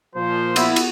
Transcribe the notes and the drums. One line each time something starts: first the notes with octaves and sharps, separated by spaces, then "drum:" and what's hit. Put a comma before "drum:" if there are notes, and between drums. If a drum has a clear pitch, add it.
A#2 F3 C5
B3 E4, drum: cymbal
drum: cymbal